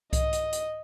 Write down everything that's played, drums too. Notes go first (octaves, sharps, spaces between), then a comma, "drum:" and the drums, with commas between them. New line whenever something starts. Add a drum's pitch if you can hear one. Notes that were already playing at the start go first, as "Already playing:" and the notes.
D#5, drum: kick C2, hi-hat
drum: hi-hat
drum: hi-hat